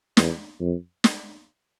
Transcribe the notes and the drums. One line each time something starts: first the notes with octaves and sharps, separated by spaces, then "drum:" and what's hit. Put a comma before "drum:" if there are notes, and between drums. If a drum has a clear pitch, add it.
E2, drum: snare
F2
drum: snare